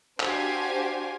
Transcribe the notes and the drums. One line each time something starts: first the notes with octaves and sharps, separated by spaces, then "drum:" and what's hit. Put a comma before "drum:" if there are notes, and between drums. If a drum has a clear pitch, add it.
D4 F#4 G4 C5 F5 G#5, drum: clap